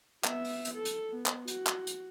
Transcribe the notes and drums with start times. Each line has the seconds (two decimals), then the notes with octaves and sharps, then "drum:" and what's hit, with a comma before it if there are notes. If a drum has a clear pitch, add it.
0.24 B3 E5, drum: clap
0.45 drum: open hi-hat
0.65 drum: hi-hat
0.74 A4
0.85 drum: hi-hat
1.10 B3
1.26 drum: clap
1.48 F#4, drum: hi-hat
1.67 drum: clap
1.87 drum: hi-hat